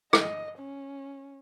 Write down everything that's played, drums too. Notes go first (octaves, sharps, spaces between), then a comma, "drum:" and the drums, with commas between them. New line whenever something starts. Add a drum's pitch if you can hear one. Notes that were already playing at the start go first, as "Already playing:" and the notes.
D#5, drum: rim click
C#4